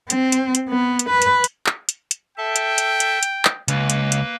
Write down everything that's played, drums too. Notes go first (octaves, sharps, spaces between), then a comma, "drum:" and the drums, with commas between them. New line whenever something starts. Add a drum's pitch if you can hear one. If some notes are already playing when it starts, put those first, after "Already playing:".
C4, drum: hi-hat
drum: hi-hat
drum: hi-hat
B3
drum: hi-hat
B4
drum: hi-hat
drum: hi-hat
drum: clap
drum: hi-hat
drum: hi-hat
A4 E5 G5 A5
drum: hi-hat
drum: hi-hat
drum: hi-hat
drum: hi-hat
drum: clap
C#2 A#3 B4, drum: hi-hat
drum: hi-hat
drum: hi-hat